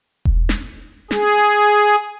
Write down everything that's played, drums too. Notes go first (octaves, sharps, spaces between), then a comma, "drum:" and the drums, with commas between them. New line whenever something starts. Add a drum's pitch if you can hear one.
drum: kick E1
drum: snare
G#4, drum: snare